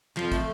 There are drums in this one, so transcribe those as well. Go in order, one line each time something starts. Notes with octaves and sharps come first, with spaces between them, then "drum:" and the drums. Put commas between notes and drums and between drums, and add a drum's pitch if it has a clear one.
F2 F3, drum: clap
A3, drum: kick, hi-hat